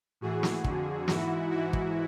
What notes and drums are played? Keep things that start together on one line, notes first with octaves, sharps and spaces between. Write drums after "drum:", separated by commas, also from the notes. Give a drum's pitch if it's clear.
A2 E3 F#4 G#4
drum: snare
F2 D3, drum: kick
G#2 E3 E4 F#4, drum: snare
G#2 E3 E4 F#4
drum: kick